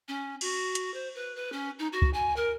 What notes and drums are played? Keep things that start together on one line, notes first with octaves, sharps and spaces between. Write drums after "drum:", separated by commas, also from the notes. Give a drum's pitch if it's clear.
C#4
F#4, drum: cymbal
drum: hi-hat
C5
B4
B4
C#4
D#4
F#4
drum: kick
G#5
A#4